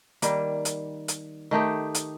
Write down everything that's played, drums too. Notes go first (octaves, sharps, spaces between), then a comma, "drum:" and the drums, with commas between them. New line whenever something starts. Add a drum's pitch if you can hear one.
D#3 G3 A#3, drum: hi-hat
drum: hi-hat
drum: hi-hat
D#3 A3 D#4 G4
drum: hi-hat